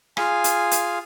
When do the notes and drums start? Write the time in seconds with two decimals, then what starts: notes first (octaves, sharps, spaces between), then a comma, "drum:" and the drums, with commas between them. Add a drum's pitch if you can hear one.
0.17 F4 G#4 F5 G#5, drum: rim click
0.44 drum: hi-hat
0.71 drum: hi-hat